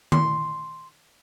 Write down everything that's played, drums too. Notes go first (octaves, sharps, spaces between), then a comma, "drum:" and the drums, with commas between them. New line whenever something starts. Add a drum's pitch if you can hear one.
C6, drum: tom D#3